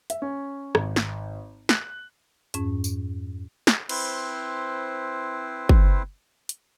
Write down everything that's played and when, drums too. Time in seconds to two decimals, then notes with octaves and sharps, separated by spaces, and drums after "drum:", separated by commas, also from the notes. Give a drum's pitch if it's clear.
0.10 E5, drum: hi-hat
0.22 C#4
0.75 G#1, drum: rim click
0.96 drum: snare
1.69 F#6, drum: snare
2.54 F2 G#2 C#4, drum: hi-hat
2.84 drum: tambourine
3.67 drum: snare
3.89 C4 E4 B4 C5, drum: cymbal
5.69 drum: kick
6.49 drum: hi-hat